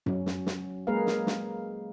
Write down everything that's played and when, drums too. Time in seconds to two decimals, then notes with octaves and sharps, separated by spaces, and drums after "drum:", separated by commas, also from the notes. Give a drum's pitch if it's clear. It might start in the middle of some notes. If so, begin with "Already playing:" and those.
0.06 F#3 C#4, drum: tom F#2
0.26 drum: snare
0.46 drum: snare
0.87 G#3 A#3 G#4 A#4 B4 F5
1.07 drum: snare
1.27 drum: snare